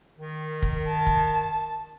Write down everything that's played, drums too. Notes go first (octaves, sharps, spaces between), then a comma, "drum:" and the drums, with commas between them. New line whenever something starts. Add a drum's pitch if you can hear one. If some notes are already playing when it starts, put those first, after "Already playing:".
D#3
drum: kick
A5
drum: kick